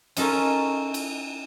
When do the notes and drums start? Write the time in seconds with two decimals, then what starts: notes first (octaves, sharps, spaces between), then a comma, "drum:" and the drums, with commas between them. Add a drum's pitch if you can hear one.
0.17 C#4 D#4 A4 A#4 C#5, drum: cymbal
0.94 drum: cymbal